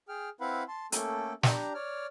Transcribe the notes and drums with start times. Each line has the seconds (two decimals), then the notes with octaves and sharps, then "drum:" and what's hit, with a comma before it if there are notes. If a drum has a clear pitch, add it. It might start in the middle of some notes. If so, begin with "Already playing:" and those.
0.09 G#4 G5 F6
0.41 C4 E4 B4 F5 F#5 B5
0.68 A5 C6
0.92 A3 A#3 C#4 A4 G5, drum: hi-hat
1.43 D4 G4 A#5, drum: snare
1.74 C#5 D5 F6